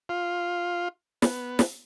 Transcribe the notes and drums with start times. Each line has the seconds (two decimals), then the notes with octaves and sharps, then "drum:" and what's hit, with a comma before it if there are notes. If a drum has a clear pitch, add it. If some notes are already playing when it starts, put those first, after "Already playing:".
0.09 F4
1.22 B3, drum: snare
1.59 drum: snare